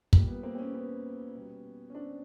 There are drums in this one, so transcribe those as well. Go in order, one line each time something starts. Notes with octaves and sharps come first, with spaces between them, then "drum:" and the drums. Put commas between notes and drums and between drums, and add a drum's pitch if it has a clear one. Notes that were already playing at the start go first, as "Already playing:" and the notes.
A#2 G3 A#3, drum: kick
B3
A#3 C4
C4
B3 C#4
B3 C#4
B2 G3
C#4
C4 D4